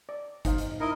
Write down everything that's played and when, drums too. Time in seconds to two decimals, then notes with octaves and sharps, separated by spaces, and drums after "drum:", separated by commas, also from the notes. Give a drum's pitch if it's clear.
0.09 D5
0.45 D#4 C5 F5, drum: kick G1, hi-hat
0.58 drum: hi-hat
0.80 D#4 E4 A#4 D#5